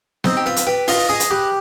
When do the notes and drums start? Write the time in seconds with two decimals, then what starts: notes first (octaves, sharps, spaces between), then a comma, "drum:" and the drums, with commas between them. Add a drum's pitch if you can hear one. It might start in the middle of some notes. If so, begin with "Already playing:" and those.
0.24 C4 D#4 D#5, drum: snare B3
0.37 G4
0.46 F4 B4
0.56 drum: hi-hat
0.67 G4 B4
0.88 F4 D#5, drum: open hi-hat
1.09 G#4 D#5
1.20 drum: hi-hat
1.30 G4 B4